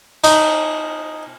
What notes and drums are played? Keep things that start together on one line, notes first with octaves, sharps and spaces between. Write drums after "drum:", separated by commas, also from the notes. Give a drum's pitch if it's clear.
D#4, drum: cymbal